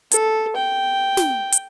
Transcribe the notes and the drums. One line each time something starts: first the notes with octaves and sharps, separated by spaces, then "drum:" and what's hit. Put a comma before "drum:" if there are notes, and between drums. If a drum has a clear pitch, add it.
A4, drum: hi-hat
G5
drum: snare
drum: hi-hat